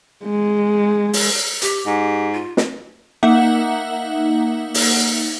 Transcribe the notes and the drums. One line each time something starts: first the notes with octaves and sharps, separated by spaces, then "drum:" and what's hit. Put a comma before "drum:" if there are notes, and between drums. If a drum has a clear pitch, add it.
G#3
drum: open hi-hat
G4, drum: hi-hat
G#2
F4
drum: snare
A#3 D#4 E5 F#5
drum: open hi-hat